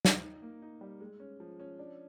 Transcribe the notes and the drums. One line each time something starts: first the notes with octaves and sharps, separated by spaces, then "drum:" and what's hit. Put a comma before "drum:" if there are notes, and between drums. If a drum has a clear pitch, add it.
drum: snare
D#4
A#3
D#4
G3
G#3
C#4
F3
C#4
D4